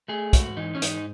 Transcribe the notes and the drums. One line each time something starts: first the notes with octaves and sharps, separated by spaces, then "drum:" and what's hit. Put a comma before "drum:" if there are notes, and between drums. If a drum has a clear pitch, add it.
A3 G#4
G#2 F#4, drum: kick, hi-hat
E3 D#4
C#4
G#2 D#4, drum: hi-hat